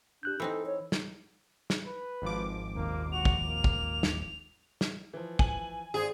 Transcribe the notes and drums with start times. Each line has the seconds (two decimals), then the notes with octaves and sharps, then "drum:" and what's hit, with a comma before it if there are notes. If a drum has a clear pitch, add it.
0.23 D4 G4 F#6 G6
0.40 E3 C4 D#4 A4 B5 E6
0.66 C#5
0.92 drum: snare
1.70 drum: snare
1.87 B4
2.22 G#1 F3 D6
2.76 D#1 D#2 A#3
3.12 F#4 F7
3.25 drum: kick
3.46 A#3
3.64 drum: kick
4.03 drum: snare
4.81 drum: snare
5.14 E3 F3
5.39 G#5 F#7, drum: kick
5.94 G#1 G#4 C5 D5